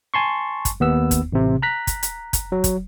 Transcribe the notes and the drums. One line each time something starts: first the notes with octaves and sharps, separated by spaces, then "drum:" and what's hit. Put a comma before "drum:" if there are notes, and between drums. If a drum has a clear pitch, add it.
G#5 A5 C6 C#6
drum: kick, hi-hat
D#2 B3 E6
drum: kick, hi-hat
A1 C3
A#5 F#6 B6
drum: kick, hi-hat
drum: hi-hat
drum: kick, hi-hat
F#3
drum: kick, hi-hat